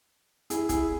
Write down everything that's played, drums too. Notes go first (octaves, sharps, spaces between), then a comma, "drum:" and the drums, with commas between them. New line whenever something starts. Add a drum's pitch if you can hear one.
E4 G#4, drum: hi-hat
E4 G#4, drum: kick, hi-hat